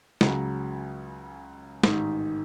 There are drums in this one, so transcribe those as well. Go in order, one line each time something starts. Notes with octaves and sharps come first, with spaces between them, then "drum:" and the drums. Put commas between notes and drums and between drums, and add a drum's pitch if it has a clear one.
C#2 C#3 F#3, drum: snare
A1 G#2 D#3, drum: snare